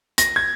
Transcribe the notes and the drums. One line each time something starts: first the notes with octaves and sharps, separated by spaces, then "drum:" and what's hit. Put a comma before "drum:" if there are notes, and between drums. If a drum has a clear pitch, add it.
A#6, drum: hi-hat
G#6